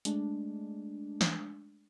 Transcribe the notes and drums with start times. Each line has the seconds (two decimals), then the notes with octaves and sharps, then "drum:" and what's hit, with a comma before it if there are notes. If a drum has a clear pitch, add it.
0.05 G#3 A3 D4, drum: hi-hat
1.21 drum: snare